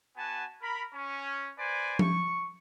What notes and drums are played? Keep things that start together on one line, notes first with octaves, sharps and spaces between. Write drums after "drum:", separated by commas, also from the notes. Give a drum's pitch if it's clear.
B3 F#4 G#5 A5
A#4 B5
C#4
B4 C5 D5 G#5
C#6, drum: tom F3